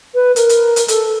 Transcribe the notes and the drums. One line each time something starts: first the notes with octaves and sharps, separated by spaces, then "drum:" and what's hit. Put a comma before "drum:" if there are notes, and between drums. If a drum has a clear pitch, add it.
B4
A#4, drum: hi-hat
drum: hi-hat
drum: hi-hat
A4, drum: hi-hat